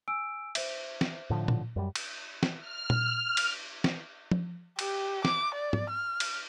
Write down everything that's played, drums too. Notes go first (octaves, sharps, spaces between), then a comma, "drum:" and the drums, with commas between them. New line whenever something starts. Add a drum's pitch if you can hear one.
G#5 E6 D7
C5 E5, drum: cymbal
drum: snare
A2 D3 F3
drum: tom A#2
F#2 G3
drum: cymbal
drum: snare
F6
drum: tom A#2
drum: cymbal
drum: snare
drum: tom F3
G4, drum: cymbal
D6, drum: snare
D5
drum: tom G#2
F6
drum: cymbal